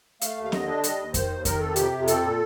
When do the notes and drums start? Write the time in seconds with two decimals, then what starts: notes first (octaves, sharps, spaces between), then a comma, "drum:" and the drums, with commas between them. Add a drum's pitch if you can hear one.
0.21 A3 F5, drum: hi-hat
0.37 D#2
0.44 F5
0.52 D3 D#5, drum: snare C4
0.68 D4
0.84 G3 D#5, drum: hi-hat
0.99 D#2
1.14 D#3 C5, drum: kick F2, hi-hat
1.30 D#2
1.45 D#3 A#4, drum: kick F2, hi-hat
1.60 F2 A4
1.76 C3 G4, drum: hi-hat
1.92 F2
2.08 C4 A4, drum: hi-hat
2.22 A#2